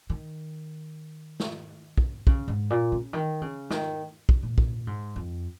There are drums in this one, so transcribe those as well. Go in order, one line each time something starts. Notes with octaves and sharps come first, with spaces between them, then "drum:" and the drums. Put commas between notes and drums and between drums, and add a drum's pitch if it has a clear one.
D#3
drum: snare
drum: kick
C#3, drum: kick
G#2
A#2
C#3
D#3
C#3
D#3, drum: snare
drum: kick
A#2
drum: kick
G#2
F2